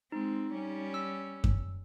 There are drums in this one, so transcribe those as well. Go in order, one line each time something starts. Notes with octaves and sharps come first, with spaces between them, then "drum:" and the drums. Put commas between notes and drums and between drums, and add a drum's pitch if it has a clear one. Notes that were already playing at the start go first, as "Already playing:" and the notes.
G#3 C4 D#4
G3 C#4
E6
drum: kick F#2